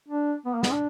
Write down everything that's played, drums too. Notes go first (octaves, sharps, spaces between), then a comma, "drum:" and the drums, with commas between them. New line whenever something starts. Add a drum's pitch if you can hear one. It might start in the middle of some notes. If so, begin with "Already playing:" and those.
D4
B3
A#3
B3, drum: snare
D4